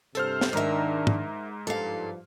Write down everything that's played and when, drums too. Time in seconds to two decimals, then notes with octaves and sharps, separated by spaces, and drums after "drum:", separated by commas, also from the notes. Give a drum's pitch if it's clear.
0.15 G2 C3 A4 C5 F6, drum: hi-hat
0.41 drum: snare
0.53 G#2 D#3 D4 A#4 E5 A#5
1.07 drum: tom
1.67 G2 F3 A4 F5